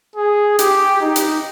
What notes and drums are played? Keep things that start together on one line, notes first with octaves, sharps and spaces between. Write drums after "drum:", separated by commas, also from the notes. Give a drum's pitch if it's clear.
G#4
G4, drum: hi-hat
D#4
drum: hi-hat